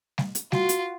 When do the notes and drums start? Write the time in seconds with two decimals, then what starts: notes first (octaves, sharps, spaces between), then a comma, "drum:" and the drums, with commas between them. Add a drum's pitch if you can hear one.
0.18 drum: snare
0.35 drum: hi-hat
0.52 F4 F#4, drum: snare
0.69 drum: hi-hat